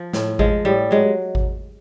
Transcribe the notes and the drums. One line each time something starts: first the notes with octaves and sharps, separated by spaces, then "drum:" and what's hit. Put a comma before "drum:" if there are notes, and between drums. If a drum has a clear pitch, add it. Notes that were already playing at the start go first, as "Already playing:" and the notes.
Already playing: F3
A2, drum: snare
F3 G#3, drum: kick G#1
A2 G3
F#3 G#3
drum: kick G#1